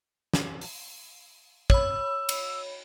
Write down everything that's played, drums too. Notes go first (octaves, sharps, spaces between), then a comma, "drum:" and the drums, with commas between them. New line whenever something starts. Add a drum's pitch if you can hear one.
drum: snare
drum: open hi-hat
C#5 B5 E6, drum: kick
drum: cymbal